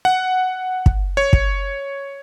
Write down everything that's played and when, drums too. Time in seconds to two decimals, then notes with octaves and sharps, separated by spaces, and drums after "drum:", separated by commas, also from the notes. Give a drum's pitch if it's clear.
0.05 F#5
0.86 drum: kick
1.17 C#5
1.33 drum: kick